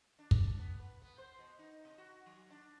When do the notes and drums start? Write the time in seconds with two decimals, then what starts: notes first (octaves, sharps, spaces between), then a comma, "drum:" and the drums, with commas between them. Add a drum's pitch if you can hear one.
0.19 D4
0.31 drum: kick
0.59 B3
0.80 B4
1.02 B3
1.18 C5
1.39 B2
1.59 D#4
1.85 C3
1.98 F#4
2.26 F#3
2.50 D4